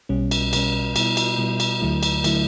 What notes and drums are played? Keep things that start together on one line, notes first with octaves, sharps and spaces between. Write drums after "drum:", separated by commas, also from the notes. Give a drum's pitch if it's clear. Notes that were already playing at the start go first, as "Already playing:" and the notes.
B1 B2 G3 C#4
drum: cymbal
B1 B2 G3 C#4, drum: cymbal
B2 G3 B3 E4, drum: cymbal
drum: cymbal
B2 G3 B3 E4
drum: cymbal
D2 D3 F#3 A3 E4
drum: cymbal
D3 F#3 A3 E4, drum: cymbal